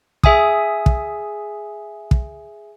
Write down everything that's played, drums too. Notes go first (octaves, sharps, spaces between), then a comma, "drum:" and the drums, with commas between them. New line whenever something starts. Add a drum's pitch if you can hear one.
G#4 E5 G#5 D#6, drum: kick
drum: kick
drum: kick